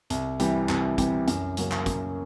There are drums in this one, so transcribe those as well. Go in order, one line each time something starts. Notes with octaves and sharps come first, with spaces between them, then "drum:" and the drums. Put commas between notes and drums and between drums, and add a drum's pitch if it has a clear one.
C2, drum: hi-hat
C3 E3 G3, drum: hi-hat
C2, drum: clap
C3 E3 G3, drum: kick, hi-hat
F#2, drum: hi-hat
C#3 F#3 A#3, drum: hi-hat
drum: clap
F#2, drum: kick, hi-hat